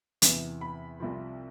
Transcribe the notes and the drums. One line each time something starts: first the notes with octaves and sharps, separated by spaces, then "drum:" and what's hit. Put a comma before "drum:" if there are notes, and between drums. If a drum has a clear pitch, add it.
E2 C3 E3, drum: hi-hat
B5
C2 C3 F3